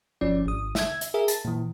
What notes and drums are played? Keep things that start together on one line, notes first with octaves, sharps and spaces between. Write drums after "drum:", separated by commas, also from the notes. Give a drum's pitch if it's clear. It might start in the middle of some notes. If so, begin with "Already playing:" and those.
G1 F3 C#4 D5
G#1 D#6
E5 E6 G#6, drum: snare
drum: hi-hat
G#4 A#4 E5
A5, drum: hi-hat
A#2 E3